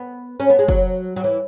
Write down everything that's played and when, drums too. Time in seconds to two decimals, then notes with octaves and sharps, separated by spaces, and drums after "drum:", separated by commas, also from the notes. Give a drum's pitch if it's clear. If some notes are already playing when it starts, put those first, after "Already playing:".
Already playing: B3
0.40 C#4
0.50 B3
0.59 G#3
0.68 F#3, drum: kick
1.16 F#3
1.24 E3